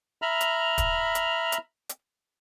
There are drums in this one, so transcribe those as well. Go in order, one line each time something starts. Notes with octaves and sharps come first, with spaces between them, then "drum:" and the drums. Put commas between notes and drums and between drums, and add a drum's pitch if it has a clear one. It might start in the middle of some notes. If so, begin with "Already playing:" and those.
E5 A#5 B5 F6
drum: hi-hat
drum: kick, hi-hat
drum: hi-hat
drum: hi-hat
drum: hi-hat